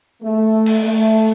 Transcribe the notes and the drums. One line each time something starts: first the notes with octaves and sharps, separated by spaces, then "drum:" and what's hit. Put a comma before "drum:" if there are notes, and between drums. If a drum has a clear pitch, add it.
A3
drum: cymbal
A3